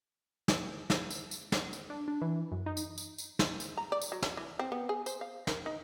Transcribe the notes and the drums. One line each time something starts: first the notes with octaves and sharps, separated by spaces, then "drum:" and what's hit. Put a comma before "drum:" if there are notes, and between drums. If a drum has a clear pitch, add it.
drum: snare
drum: snare
drum: tambourine
drum: tambourine
drum: snare
drum: tambourine
D4
D4
E3
F#2
D#4
drum: tambourine
drum: tambourine
drum: tambourine
drum: snare
drum: tambourine
A#5
D5
drum: tambourine
F#3
drum: snare
E3
C4
B3
G#4
C5, drum: tambourine
F5
A#4, drum: snare
D#4